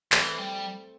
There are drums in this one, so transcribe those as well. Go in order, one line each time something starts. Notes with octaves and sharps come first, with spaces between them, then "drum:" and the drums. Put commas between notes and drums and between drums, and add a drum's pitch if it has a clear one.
E3 A3 C4, drum: clap
G3